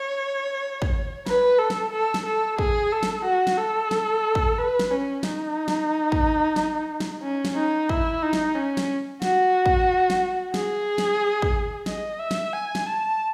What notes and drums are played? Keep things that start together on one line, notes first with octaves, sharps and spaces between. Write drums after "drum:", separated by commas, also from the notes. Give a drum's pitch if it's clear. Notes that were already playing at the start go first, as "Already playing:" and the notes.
Already playing: C#5
drum: kick
B4, drum: snare
A4
drum: snare
A4
drum: snare
A4
G#4, drum: kick
A4
drum: snare
F#4
drum: snare
A4
drum: snare
drum: kick
B4
drum: snare
C#4
D#4, drum: snare
drum: snare
drum: kick
drum: snare
drum: snare
C#4
drum: snare
D#4
E4, drum: kick
D#4
drum: snare
C#4
drum: snare
F#4, drum: snare
drum: kick
drum: snare
G#4, drum: snare
drum: snare
drum: kick
D#5, drum: snare
E5
drum: snare
G#5
drum: snare
A5